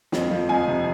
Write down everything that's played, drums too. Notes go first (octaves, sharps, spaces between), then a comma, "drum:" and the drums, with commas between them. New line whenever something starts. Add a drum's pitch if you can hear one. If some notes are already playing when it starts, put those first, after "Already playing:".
F2, drum: snare
F3
F2 G#5
C3